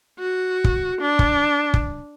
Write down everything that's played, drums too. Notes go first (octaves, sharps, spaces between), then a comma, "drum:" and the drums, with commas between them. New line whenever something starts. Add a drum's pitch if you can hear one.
F#4
drum: kick
D4
drum: kick
drum: kick